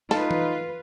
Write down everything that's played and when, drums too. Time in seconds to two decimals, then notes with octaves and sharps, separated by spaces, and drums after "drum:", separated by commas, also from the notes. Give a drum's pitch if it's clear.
0.11 D#4 F4 A4 B4, drum: snare
0.31 drum: tom E3